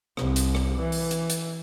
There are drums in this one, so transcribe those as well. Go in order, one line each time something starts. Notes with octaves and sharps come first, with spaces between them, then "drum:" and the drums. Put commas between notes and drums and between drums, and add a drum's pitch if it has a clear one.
C2, drum: rim click
drum: hi-hat
drum: rim click
E3
drum: open hi-hat
drum: hi-hat
drum: hi-hat